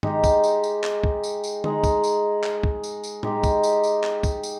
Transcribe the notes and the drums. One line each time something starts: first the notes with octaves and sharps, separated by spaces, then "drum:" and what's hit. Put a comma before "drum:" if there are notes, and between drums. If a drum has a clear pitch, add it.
G#3 D#4 G4, drum: tom
drum: kick, tambourine
drum: tambourine
drum: tambourine
drum: clap
drum: kick
drum: tambourine
drum: tambourine
G#3 D#4 G#4, drum: tom D3
drum: kick, tambourine
drum: tambourine
drum: clap
drum: kick
drum: tambourine
drum: tambourine
G#3 D#4 G4, drum: tom A2
drum: kick, tambourine
drum: tambourine
drum: tambourine
drum: clap
drum: kick, tambourine
drum: tambourine